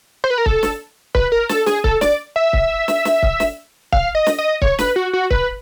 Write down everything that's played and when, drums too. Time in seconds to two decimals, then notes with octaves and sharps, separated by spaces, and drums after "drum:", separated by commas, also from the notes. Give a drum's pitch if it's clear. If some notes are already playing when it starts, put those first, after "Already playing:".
0.24 C5
0.30 B4
0.38 A#4
0.46 A4, drum: kick C#1
0.63 drum: snare
1.15 B4, drum: kick C#1
1.32 A#4
1.49 A4, drum: snare
1.66 G#4, drum: snare
1.84 A4, drum: kick C#1
2.01 D5, drum: snare
2.36 E5
2.53 drum: kick C#1
2.88 drum: snare
3.05 drum: snare
3.23 drum: kick C#1
3.40 drum: snare
3.92 F5, drum: kick C#1
4.15 D#5
4.27 drum: snare
4.38 D#5
4.62 C#5, drum: kick C#1
4.79 B4, drum: snare
4.96 F#4
5.13 F#4
5.30 B4, drum: kick C#1